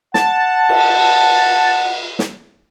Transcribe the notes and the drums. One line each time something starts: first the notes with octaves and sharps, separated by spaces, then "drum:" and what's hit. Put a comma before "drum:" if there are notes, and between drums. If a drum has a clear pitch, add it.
F#5 A5, drum: snare
drum: cymbal
drum: snare